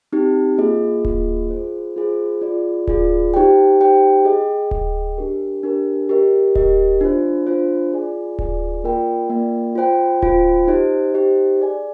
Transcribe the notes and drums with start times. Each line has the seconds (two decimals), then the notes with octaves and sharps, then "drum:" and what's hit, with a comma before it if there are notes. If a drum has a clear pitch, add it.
0.12 C4 D#4 G4
0.58 A#3 F4 G#4 D#5
1.05 A#3 F4 G#4 D#5, drum: kick D1
1.50 F4 G#4 C5
1.96 F4 G#4 C5
2.41 F4 G#4 D5
2.87 F4 G#4 D5, drum: kick D1
3.34 D#4 G4 C5 G5
3.80 D#4 G4 C5 G5
4.25 G#4 D#5 G5
4.71 G#4 D#5 G5, drum: kick D1
5.18 D4 G4 A#4
5.63 D4 G4 A#4
6.09 G4 A#4 D#5
6.55 G4 A#4 D#5, drum: kick D1
7.01 D4 F4 C5
7.47 D4 F4 C5
7.92 F4 G#4 D5 G#5
8.39 F4 G#4 D5 G#5, drum: kick D1
8.84 A#3 F4 A#4 D5 G5
9.30 A#3 F4 A#4 D5 G5
9.75 F4 C5 G5
10.22 F4 C5 G5, drum: kick D1
10.67 D#4 G4 C5 D#5
11.14 D#4 G4 C5 D#5
11.59 G#4 D5 G#5